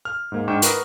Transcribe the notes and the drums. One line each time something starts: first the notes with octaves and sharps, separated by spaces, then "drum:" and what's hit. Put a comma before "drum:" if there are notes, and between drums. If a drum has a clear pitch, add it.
F6
G#2 A#3
G#2 D4 G5 C#6 E7
A#4 B4 F#5 A#5 C#6 D#6, drum: hi-hat